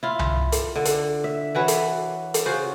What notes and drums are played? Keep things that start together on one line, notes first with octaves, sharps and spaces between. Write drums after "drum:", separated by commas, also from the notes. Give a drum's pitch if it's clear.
E4 F4
drum: tom C2
drum: hi-hat
D3
drum: hi-hat
E5
E3 F#4 B4 C#5
drum: hi-hat
drum: hi-hat
C#3 F4 F#4 C5